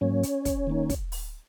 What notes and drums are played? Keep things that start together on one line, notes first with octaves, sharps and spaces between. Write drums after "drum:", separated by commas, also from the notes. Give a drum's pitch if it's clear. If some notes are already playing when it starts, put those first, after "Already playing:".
G#2 F#3 A#3 C#4 C#5
drum: hi-hat
drum: kick, hi-hat
D#3 A#3 D#4
drum: kick, hi-hat
drum: open hi-hat